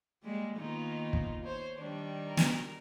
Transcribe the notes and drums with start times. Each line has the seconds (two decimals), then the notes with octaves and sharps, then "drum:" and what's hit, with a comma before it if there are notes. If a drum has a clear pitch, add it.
0.23 G3 G#3 A#3
0.56 D#3 A#3 B3 D#4 F4
1.13 drum: kick
1.44 C5 C#5
1.78 D#3 G3 D4
2.27 A#4
2.37 drum: snare